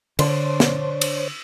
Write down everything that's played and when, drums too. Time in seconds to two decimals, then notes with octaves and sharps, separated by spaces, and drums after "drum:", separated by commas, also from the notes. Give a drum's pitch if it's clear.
0.19 D3 D4 C5 C#5 C6, drum: cymbal
0.60 drum: snare
1.01 drum: cymbal